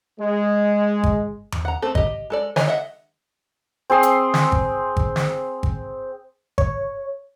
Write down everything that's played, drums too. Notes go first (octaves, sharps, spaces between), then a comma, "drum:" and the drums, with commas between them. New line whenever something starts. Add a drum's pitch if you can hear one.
G#3
drum: kick G#1
drum: tom E2
F#5 A#5
A3 C4 A4
G4 D#5, drum: kick G#1
G#3 A4 D5
G#4 C#5 D#5 G#5, drum: snare
D#5 E5 F#5
C4 G#4 C6 D#6
drum: hi-hat
drum: snare
drum: kick G#1
drum: kick G#1
drum: snare
drum: kick G#1
C#5, drum: kick G#1